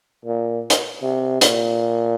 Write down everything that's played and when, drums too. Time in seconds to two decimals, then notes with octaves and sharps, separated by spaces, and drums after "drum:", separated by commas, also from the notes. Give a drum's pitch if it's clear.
0.25 A#2
0.70 drum: hi-hat
1.03 C3
1.41 A#2, drum: hi-hat